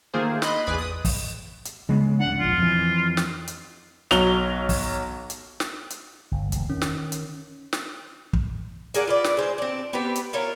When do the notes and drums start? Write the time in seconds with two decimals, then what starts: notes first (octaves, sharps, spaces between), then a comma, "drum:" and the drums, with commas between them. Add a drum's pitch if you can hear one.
0.14 D#3 A3 A#3 F4 G#4 C5
0.42 D#5 B5 C6 F#6, drum: snare
0.66 A1 E2 G#4 B4 D5 B5
0.78 D#6
1.05 drum: kick, open hi-hat
1.65 drum: hi-hat
1.89 C#3 G#3 B3
2.20 D1 D4 F#5
2.40 E1 A#1 F4
2.58 F2 E3
3.17 drum: snare
3.48 drum: hi-hat
4.11 B1 F#3 F7 G7, drum: snare
4.69 drum: kick, open hi-hat
5.30 drum: hi-hat
5.60 drum: snare
5.90 drum: hi-hat
6.31 G1
6.52 E1 D2 A#2, drum: hi-hat
6.70 D#3 C#4
6.82 drum: snare
7.12 drum: hi-hat
7.73 drum: snare
8.33 drum: kick
8.94 A#3 G#4 D5 F#5, drum: hi-hat
9.07 F4 B4 D5
9.24 drum: snare
9.37 G#3 C5
9.58 C4 D4
9.93 B3 C4 G4 B4
10.16 drum: hi-hat
10.33 E4 F4 A#4 C#5